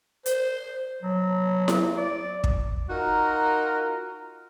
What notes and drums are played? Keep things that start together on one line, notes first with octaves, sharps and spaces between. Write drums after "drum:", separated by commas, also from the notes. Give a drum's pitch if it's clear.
C5, drum: hi-hat
F#3
drum: snare E4
D5
drum: kick
D#4 F4 F#4 A#4